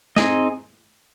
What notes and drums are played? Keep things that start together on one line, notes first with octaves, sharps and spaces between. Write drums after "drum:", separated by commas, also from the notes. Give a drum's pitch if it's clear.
C4 D#4 G#4 D#5, drum: snare